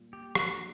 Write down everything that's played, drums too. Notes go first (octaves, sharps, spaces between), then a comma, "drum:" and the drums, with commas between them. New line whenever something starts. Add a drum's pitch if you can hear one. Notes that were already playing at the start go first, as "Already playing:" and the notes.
Already playing: A#2 G3
G4
D4 F#4, drum: rim click